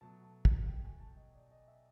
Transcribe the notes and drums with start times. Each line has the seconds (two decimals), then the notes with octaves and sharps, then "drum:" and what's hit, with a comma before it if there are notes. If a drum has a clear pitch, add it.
0.01 B2 F#3 A3 A5
0.23 A5
0.45 drum: kick
0.68 G5
0.84 G#5
1.00 A5
1.17 D#5
1.35 D5
1.51 D#5
1.68 E5